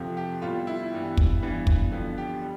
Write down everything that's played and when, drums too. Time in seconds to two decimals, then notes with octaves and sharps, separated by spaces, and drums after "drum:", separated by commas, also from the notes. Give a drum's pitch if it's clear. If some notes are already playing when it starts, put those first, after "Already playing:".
Already playing: F2 C3 F3 A3
0.17 G4
0.42 A2 G3 B3 F4
0.67 E4
0.92 G2 E3 G3 B3
1.17 drum: kick
1.42 G2 E3 B3
1.67 drum: kick
1.92 F2 D3 F3 B3
2.18 G4
2.42 G3